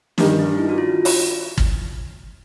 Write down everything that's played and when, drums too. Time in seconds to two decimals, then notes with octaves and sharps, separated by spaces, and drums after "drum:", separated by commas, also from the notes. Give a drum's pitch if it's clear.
0.18 G2 D#3 G3 D4, drum: snare
0.39 D#4
0.58 E4
0.69 F#4
0.78 F4
1.05 drum: open hi-hat
1.58 drum: kick